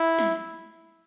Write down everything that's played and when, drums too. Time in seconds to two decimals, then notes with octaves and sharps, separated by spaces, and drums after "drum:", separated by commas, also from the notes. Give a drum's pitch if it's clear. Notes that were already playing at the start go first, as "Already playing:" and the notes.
Already playing: E4
0.19 drum: snare